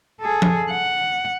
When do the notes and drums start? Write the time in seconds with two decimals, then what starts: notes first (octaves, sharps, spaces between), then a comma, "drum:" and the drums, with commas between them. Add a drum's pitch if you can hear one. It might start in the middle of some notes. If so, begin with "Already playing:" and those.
0.21 G#4 A4
0.42 drum: tom F3
0.70 F#5